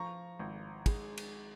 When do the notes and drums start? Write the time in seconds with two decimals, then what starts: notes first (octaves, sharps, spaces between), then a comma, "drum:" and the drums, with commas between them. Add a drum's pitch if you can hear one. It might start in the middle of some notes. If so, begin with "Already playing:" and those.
Already playing: F3 A#5 C#6
0.39 G#1
0.86 G#3, drum: kick, cymbal
1.18 drum: cymbal